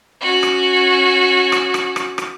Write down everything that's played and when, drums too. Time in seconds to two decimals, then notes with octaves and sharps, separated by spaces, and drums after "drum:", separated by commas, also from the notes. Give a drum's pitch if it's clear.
0.21 C#4 F#4
0.43 drum: rim click
1.52 drum: rim click
1.74 drum: rim click
1.96 drum: rim click
2.18 drum: rim click